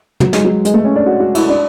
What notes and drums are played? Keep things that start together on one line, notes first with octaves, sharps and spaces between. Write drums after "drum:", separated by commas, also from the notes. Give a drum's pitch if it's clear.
F#3, drum: tom
G#3, drum: snare
F#3
G#3, drum: hi-hat
A3
C#4
D4
F#4
F#4
E4, drum: cymbal
D4